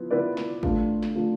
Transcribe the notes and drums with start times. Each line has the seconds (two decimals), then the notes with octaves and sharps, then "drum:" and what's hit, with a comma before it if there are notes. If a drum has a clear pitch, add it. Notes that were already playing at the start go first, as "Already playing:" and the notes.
Already playing: F3 B3 E4
0.11 F3 B3 E4 B4 D5
0.37 drum: snare
0.63 F3 A3 D4 F4, drum: kick G#1
1.03 drum: snare
1.16 F3 A3 D4 F4